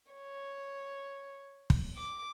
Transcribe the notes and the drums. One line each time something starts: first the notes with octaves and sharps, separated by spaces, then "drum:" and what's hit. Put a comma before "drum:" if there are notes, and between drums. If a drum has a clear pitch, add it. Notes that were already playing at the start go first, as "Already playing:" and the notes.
C#5
drum: kick
D6